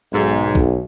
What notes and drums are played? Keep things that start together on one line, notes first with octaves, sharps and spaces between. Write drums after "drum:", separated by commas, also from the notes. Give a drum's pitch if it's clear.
B1 G#2
drum: kick